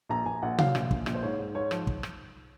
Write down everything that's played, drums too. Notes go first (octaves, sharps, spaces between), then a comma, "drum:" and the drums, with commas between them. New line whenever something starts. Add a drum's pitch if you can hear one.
A#1 A#5
A#1 G#5
A#1 F#5
F#3 F5, drum: tom C3
A#1, drum: rim click
A#1, drum: kick
A#1, drum: rim click
C5
G#2 C#5
G#2
G#2 C#5
F3, drum: rim click
drum: kick
drum: rim click